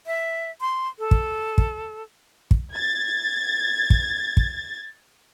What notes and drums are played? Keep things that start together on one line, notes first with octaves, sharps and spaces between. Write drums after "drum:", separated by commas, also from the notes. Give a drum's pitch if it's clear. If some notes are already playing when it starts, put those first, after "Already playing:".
E5
C6
A4
drum: kick
drum: kick
drum: kick
G#6 A6
drum: kick
drum: kick